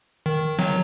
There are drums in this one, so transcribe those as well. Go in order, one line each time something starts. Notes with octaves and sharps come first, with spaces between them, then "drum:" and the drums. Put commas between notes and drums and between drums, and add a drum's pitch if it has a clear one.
D#3
F#3, drum: snare